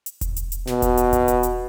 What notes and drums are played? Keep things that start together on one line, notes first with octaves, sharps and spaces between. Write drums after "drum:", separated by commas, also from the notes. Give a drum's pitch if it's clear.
drum: hi-hat
drum: kick E1, hi-hat
drum: hi-hat
drum: hi-hat
B2, drum: snare
drum: kick E1, hi-hat
drum: hi-hat
drum: kick E1, hi-hat
drum: hi-hat
drum: hi-hat